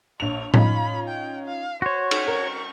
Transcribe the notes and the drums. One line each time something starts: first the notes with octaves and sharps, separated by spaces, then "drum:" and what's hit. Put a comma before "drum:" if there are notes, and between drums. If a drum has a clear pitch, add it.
A#1 C#5 F7
C#4 D#4 F4 B5, drum: tom A2
G5
F5
F#4 C5 C#5
drum: cymbal
A#4 C#6